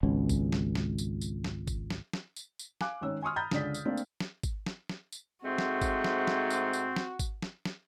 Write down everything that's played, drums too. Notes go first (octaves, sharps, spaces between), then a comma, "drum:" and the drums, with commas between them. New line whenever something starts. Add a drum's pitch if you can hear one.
G#1 C#2 B2 C#4
drum: kick G#1, tambourine
drum: snare
drum: snare
drum: tambourine
drum: tambourine
drum: snare
drum: kick G#1, tambourine
drum: snare
drum: snare
drum: tambourine
drum: tambourine
F5 G#5 D6 F#6, drum: snare
G#1 D#3 C#4 C#5 E6
G#5 C6 C#6 D#6 F6
A#5 B5 G6 A6
C#2 D3 D5 B6, drum: snare
drum: tambourine
A3 A#3 C4 D4
drum: tambourine
drum: snare
drum: kick G#1, tambourine
drum: snare
drum: snare
drum: tambourine
G#2 G#3 A3 C4 F#4
drum: snare
drum: kick G#1, tambourine
drum: snare
drum: snare
drum: tambourine
drum: tambourine
drum: snare
drum: kick G#1, tambourine
drum: snare
drum: snare